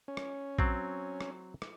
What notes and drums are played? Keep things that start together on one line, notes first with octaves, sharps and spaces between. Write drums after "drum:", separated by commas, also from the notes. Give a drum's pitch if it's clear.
C#4
drum: rim click
F#3 C4, drum: kick A#1
drum: rim click
drum: rim click